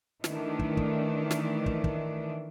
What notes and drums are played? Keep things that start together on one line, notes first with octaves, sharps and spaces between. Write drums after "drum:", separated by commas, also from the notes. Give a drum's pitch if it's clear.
D#3 E3 A3 D4, drum: snare
drum: kick
drum: kick
drum: snare
drum: kick
drum: kick